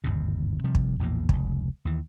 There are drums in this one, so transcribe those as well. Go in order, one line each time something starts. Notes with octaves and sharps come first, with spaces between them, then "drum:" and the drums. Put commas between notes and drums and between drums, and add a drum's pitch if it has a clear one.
G1 D#2 G#2 C3
C3 F3 G3
drum: kick
A#1 E2 A2 A#3
F1 C#2, drum: kick
D#2 E3